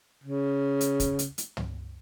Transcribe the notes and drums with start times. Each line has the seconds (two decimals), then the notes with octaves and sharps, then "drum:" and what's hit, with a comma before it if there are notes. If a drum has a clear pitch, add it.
0.24 C#3
0.81 drum: hi-hat
1.00 drum: kick, hi-hat
1.19 drum: hi-hat
1.38 drum: hi-hat
1.57 drum: tom